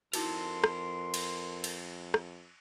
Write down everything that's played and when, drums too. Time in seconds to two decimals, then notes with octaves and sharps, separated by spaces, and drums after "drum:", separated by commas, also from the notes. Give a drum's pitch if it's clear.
0.13 F2 D#4 E4 F#4 A#4 A5 C6, drum: cymbal
0.64 drum: rim click
1.14 drum: cymbal
1.64 drum: cymbal
2.14 drum: rim click